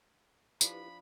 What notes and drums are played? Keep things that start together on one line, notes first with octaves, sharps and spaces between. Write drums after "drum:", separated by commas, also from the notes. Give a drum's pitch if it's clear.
F3 D4 E4 G4 B4 B5, drum: tambourine